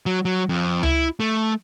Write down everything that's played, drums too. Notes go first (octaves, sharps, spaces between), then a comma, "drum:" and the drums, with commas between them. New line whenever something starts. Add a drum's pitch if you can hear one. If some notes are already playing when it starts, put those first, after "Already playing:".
F#3
F#3
F2
E4, drum: tom C#2
A3